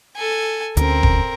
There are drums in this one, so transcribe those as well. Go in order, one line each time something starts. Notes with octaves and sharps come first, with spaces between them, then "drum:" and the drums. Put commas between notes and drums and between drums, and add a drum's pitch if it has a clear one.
A4 G#5
D2 C4 C#4 A#4, drum: hi-hat
drum: kick E1